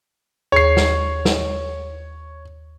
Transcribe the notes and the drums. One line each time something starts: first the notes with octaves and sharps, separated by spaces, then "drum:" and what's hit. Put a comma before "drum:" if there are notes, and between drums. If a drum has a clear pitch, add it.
D#2 G#4 C#5 B5 C7
drum: snare
drum: snare